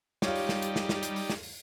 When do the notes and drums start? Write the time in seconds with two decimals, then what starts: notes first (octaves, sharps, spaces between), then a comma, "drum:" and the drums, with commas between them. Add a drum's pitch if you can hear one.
0.22 G3 D#4 F4 G4 C#5 D5, drum: snare
0.36 drum: open hi-hat
0.49 drum: snare
0.62 drum: hi-hat
0.76 drum: snare
0.89 drum: snare
1.03 drum: hi-hat
1.16 drum: open hi-hat
1.30 drum: snare
1.43 drum: open hi-hat